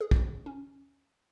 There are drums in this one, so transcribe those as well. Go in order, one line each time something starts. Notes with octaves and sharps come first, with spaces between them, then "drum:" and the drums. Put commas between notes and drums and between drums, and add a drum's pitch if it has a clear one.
G#4
drum: kick
C#4